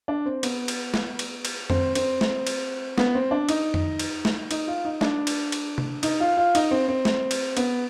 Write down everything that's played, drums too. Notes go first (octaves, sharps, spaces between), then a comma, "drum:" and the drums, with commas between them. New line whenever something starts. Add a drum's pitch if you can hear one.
D4
C4
B3, drum: cymbal
drum: cymbal
drum: snare
drum: cymbal
drum: cymbal
C4, drum: tom F2
C4, drum: cymbal
drum: snare
drum: cymbal
B3, drum: snare
C4
D4
D#4, drum: cymbal
drum: tom F2
drum: cymbal
drum: snare
D#4, drum: cymbal
F4
D#4
D4, drum: snare
drum: cymbal
drum: cymbal
drum: tom C3
D#4, drum: cymbal
F4
F4
D#4, drum: cymbal
C4
C4
drum: snare
drum: cymbal
B3, drum: cymbal